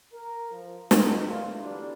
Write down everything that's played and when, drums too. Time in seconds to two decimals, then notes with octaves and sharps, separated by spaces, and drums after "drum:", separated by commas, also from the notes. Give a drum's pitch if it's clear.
0.13 A#4
0.51 F3
0.91 A1 D#3, drum: snare
1.29 A3 B3 D4 F4
1.61 D3 E3 F#3 G3 B3 D4